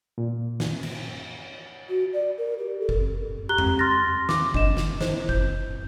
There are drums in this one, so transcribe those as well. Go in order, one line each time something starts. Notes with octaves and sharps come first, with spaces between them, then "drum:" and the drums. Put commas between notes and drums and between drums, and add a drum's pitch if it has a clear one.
A#2
drum: snare
drum: cymbal
F#4
D5
A#4
G4
A4
drum: kick F#1
G4 A#5 F#6 G7
drum: tom E2
C6 F6 A6 A#6
D6, drum: snare
D4 D#5 E7, drum: kick F#1
drum: snare
E4 C5, drum: snare
G6, drum: kick F#1